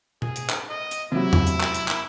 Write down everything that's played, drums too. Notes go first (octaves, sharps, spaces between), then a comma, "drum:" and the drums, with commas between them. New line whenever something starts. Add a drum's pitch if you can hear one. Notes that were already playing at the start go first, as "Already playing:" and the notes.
G#4, drum: tom B2
drum: hi-hat
drum: clap
D#5
drum: hi-hat
C3 F#3 E4
drum: tom E2
drum: hi-hat
drum: clap
drum: hi-hat
drum: clap